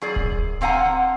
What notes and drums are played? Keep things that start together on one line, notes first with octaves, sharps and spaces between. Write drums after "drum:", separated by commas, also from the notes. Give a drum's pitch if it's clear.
F#2 G#4 D5
drum: kick D1
D3 C4 F5 F#5 G#5 A#5